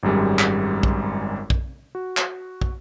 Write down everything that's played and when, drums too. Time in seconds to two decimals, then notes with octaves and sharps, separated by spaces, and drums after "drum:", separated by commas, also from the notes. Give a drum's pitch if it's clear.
0.03 G#1 F#2 G3 G#3
0.39 drum: clap
0.83 drum: kick
1.50 drum: kick
1.95 F#4
2.17 drum: clap
2.61 drum: kick